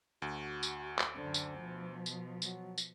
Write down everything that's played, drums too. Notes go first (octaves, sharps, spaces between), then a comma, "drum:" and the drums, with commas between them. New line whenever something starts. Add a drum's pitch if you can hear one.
D2 F#4
drum: tambourine
drum: clap
F#2 D3 C5
drum: tambourine
B2 F3
drum: tambourine
F#3, drum: tambourine
drum: tambourine